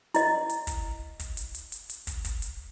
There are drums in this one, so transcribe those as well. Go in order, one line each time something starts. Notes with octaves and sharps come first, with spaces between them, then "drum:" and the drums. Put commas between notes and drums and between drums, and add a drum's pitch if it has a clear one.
E4 D#5, drum: hi-hat
drum: hi-hat
drum: kick, hi-hat
drum: kick, hi-hat
drum: hi-hat
drum: hi-hat
drum: hi-hat
drum: hi-hat
drum: kick, hi-hat
drum: kick, hi-hat
drum: hi-hat